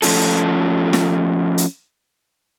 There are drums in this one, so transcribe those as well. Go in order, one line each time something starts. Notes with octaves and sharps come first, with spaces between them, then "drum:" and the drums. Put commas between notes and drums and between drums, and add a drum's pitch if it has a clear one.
F3 A3 C#4 F4 A4, drum: open hi-hat
drum: snare
drum: hi-hat